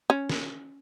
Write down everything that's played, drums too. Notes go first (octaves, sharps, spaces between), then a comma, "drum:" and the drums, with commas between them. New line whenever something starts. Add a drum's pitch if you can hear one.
C#4
drum: snare